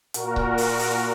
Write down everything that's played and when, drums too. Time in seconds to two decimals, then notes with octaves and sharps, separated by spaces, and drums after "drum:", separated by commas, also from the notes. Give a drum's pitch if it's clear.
0.14 A#2 F#4 A#4, drum: hi-hat
0.36 drum: kick C#1
0.58 drum: open hi-hat
0.79 drum: open hi-hat